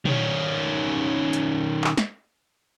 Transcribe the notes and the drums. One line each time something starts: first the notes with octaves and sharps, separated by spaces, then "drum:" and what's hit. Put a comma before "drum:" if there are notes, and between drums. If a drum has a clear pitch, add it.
D#3 C#4, drum: tom
drum: hi-hat
drum: clap
drum: snare